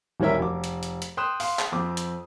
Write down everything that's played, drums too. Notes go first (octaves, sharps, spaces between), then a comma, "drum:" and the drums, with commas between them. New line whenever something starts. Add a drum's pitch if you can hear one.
D#1 E3 G3 C#4 A#4 E5
F1 D6
drum: hi-hat
drum: hi-hat
drum: hi-hat
G5 C6 D#6 F#6 E7
F5 C6, drum: open hi-hat
drum: clap
F2 C4 D6
drum: hi-hat